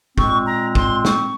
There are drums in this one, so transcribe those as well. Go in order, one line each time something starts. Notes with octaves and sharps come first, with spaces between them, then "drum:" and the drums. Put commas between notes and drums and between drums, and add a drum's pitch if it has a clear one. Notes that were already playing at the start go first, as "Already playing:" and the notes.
A#2 G#3 C4 C#6, drum: kick
A#5
C6, drum: kick
C#6, drum: snare